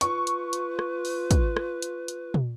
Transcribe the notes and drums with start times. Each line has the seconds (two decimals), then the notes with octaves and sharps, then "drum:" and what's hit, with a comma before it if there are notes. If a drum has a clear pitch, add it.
0.01 F4 B4 C#6, drum: hi-hat
0.27 drum: hi-hat
0.53 drum: hi-hat
0.79 drum: rim click
1.05 drum: open hi-hat
1.31 drum: kick, hi-hat
1.57 drum: rim click
1.82 drum: hi-hat
2.08 drum: hi-hat
2.34 drum: tom